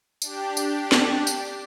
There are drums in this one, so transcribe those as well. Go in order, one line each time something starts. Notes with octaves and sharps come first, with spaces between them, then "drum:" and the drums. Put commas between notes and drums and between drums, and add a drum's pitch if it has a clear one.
D4 G4, drum: tambourine
drum: tambourine
drum: snare
drum: tambourine